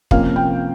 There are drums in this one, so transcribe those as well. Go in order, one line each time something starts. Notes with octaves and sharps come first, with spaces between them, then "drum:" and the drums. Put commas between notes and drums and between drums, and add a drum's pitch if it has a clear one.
C3 F3 A#3 C#4 F5, drum: kick
G5